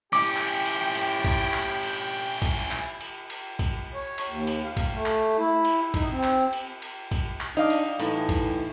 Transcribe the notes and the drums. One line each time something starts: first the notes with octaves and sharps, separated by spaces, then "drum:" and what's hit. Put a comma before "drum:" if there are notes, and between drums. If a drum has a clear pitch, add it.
C#4 E4 G4 G5 D6
drum: clap
drum: cymbal
drum: cymbal
drum: kick, cymbal
drum: clap
drum: cymbal
drum: kick, cymbal
drum: clap
drum: cymbal
drum: cymbal
drum: kick, cymbal
C#5
drum: cymbal
D#2
drum: cymbal
F5
drum: kick, cymbal
A3
drum: clap
E4
drum: cymbal
D#4, drum: kick, cymbal
C4
drum: clap
drum: cymbal
drum: cymbal
drum: kick, cymbal
drum: clap
D4 D#4 D#5 F5 D6
drum: cymbal
A2 E3 D#4, drum: cymbal
drum: kick, cymbal